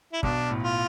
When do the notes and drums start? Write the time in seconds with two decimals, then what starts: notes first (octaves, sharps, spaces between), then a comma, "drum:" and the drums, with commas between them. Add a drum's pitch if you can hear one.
0.13 E4
0.23 B1 B2 D4, drum: kick
0.50 A2
0.63 F4